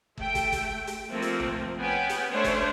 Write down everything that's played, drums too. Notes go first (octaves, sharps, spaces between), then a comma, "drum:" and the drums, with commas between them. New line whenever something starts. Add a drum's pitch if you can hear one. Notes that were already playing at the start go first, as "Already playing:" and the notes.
A3 G5, drum: kick
drum: kick, hi-hat
drum: kick, hi-hat
drum: hi-hat
F3 A3 A#3 C4
drum: hi-hat
drum: tom
B3 C#4 G5 G#5
drum: hi-hat
A3 C#4 D4 C5 C#5
drum: kick, hi-hat